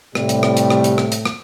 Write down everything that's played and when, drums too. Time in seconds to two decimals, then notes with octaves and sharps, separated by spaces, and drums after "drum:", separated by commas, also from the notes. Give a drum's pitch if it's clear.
0.15 A2 C3 G3, drum: rim click
0.29 drum: hi-hat
0.43 drum: rim click
0.57 drum: hi-hat
0.70 drum: rim click
0.84 drum: hi-hat
0.98 drum: rim click
1.12 drum: hi-hat
1.26 drum: rim click